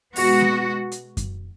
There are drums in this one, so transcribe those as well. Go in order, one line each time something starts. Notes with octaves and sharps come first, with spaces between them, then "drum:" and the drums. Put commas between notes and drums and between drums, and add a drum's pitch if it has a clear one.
B2 G#3 B3 F#4, drum: open hi-hat
drum: snare A#3
drum: hi-hat
drum: kick F#2, hi-hat